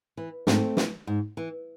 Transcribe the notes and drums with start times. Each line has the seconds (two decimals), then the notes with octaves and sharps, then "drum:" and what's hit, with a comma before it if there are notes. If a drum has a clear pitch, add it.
0.17 E3
0.47 G#2 A3 C4, drum: snare
0.77 E3, drum: snare
1.07 G#2
1.37 E3